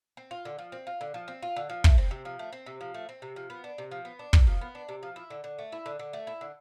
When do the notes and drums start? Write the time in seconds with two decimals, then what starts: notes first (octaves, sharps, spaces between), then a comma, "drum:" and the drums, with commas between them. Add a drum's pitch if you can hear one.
0.17 C4
0.31 F4
0.45 D3
0.59 F3
0.72 C4
0.87 F4
1.01 D3
1.14 F3
1.28 C4
1.42 F4
1.56 D3
1.70 F3
1.84 A3, drum: kick
1.98 C4
2.11 C3
2.25 F3
2.39 A3
2.53 C4
2.66 C3
2.81 F3
2.94 A3
3.09 C4
3.22 C3
3.36 F3
3.50 B3
3.64 D4
3.78 C3
3.91 F3
4.05 B3
4.19 D4
4.33 C3, drum: kick
4.47 F3
4.61 B3
4.75 D4
4.89 C3
5.03 F3
5.16 E4
5.30 D3
5.44 D3
5.59 A3
5.72 E4
5.86 D3
5.99 D3
6.13 A3
6.27 E4
6.41 D3